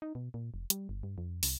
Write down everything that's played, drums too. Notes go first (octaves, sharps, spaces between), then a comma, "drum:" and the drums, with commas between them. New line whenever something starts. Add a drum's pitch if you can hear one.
D#4
B2
A#2
F1
G3, drum: hi-hat
G1
G2
F2
C2, drum: open hi-hat